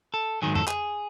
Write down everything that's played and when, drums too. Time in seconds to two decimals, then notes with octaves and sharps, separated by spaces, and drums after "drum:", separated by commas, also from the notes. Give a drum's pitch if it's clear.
0.14 A4
0.42 G#2 D#3 F#3 G#4
0.55 A4, drum: tom F2
0.67 G#4, drum: clap